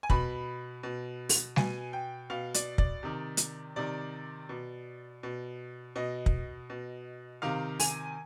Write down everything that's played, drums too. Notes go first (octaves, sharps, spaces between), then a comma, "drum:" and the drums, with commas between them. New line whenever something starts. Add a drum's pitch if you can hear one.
G#5
B2 B5, drum: kick
B2
drum: open hi-hat
B2 G#5, drum: snare G3
G5
B2 F5
D5, drum: hi-hat
D5, drum: kick
C3 D#3
drum: hi-hat
C3 D#3 D5
B2
B2
B2 D#5
drum: kick
B2
C3 D#3 F5
G#5, drum: open hi-hat